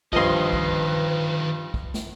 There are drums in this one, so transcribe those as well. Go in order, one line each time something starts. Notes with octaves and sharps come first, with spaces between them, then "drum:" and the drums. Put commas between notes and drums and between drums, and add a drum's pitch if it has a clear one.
G2 D3 D#3 F3 B4 D#5 C6, drum: kick
drum: kick
drum: kick
drum: snare